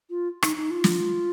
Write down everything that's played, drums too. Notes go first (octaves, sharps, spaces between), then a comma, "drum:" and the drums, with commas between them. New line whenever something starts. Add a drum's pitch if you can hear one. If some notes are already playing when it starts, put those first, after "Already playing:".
F4
D#4, drum: rim click
D#4
F4
drum: snare